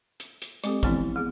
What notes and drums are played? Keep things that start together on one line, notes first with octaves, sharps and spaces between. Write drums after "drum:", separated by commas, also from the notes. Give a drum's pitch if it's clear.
drum: hi-hat
drum: hi-hat
G#3 C4 G4 A4, drum: hi-hat
E3 F3 B3 C4 D4 E4, drum: kick, hi-hat
B3 G#4